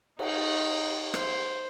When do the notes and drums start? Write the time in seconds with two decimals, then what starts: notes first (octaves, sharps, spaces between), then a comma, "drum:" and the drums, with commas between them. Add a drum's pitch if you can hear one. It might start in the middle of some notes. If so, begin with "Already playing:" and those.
0.19 D#4, drum: cymbal
1.14 C5, drum: rim click